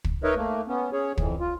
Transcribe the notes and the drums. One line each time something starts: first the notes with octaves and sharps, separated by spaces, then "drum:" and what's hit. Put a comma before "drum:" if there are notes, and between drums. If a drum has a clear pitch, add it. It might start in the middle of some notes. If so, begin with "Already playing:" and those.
drum: kick
D#4 A#4 B4 C#5 D#5 E5
A3 A#3
B3 C#4
C#4 G#4 C#5
F2 E3, drum: kick
F4